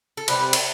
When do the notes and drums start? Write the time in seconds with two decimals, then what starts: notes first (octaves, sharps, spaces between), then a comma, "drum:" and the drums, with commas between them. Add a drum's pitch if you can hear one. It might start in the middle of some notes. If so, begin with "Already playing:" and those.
0.17 A4
0.28 C3 E3 G3 C4 G4 B4, drum: cymbal
0.53 drum: cymbal